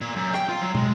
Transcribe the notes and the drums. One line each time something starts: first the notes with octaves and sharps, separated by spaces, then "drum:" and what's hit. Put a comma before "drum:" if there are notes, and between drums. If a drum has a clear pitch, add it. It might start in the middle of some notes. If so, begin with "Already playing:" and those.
A#2
F#2
G5, drum: rim click
F4
F#3
G#3, drum: tom